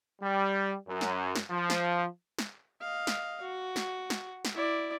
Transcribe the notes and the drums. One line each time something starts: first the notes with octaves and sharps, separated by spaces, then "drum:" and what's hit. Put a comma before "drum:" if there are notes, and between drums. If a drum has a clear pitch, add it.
G3
F#2
drum: snare
drum: snare
F3
drum: snare
drum: snare
D#5 F5
drum: snare
F#4
drum: snare
drum: snare
drum: snare
E4 D5